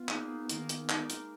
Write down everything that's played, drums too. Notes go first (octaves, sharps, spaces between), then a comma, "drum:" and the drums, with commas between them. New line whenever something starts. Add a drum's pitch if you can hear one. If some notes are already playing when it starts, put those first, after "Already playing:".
Already playing: B3 F4
A#3 D#4 G#4 B4, drum: clap
D#3 A#3 D#4 A#4, drum: hi-hat
drum: hi-hat
G#3 D#4 A#4 D5, drum: clap
drum: hi-hat